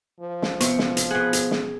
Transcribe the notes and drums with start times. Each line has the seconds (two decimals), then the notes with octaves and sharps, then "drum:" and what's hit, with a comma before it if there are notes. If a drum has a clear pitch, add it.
0.20 F3
0.42 drum: snare
0.60 C3 B3 C#6, drum: hi-hat
0.79 drum: snare
0.97 drum: hi-hat
1.10 B2 G#4 F#5
1.33 drum: hi-hat
1.51 drum: snare